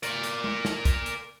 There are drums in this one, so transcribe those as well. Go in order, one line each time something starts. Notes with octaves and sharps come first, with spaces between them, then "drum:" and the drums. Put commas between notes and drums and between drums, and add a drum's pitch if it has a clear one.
A#4 D5, drum: hi-hat
drum: hi-hat
drum: tom G#3
drum: snare
drum: kick, hi-hat
drum: hi-hat